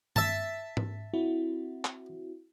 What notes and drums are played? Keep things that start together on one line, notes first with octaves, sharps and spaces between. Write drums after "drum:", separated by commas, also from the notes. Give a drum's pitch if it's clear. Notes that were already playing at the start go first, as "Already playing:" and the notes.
E5 A5, drum: tom G2
drum: tom G#2
C4 E4 F#4
drum: clap